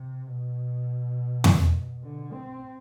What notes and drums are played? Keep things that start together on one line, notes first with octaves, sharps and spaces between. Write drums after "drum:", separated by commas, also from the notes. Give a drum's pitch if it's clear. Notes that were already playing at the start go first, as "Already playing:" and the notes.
Already playing: C3
B2
drum: tom F2
D3
C4